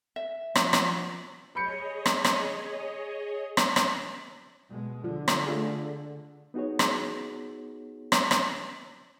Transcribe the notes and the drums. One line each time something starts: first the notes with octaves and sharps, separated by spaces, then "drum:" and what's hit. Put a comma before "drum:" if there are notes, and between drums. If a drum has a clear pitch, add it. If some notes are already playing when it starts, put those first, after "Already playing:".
E5
F3 F4 F#4, drum: rim click
drum: rim click
G#4 C#5 D#5 B5 G6 C#7
drum: rim click
drum: rim click
drum: rim click
drum: rim click
B2 G#3
D3 F3
drum: rim click
A3 F4 G#4
B3 D#4 F#4 G#4 C#5
drum: rim click
drum: rim click
drum: rim click